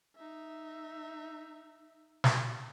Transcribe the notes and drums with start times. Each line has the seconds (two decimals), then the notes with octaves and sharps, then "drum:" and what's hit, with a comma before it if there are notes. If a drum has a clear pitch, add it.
0.16 D#4 E5
2.24 drum: snare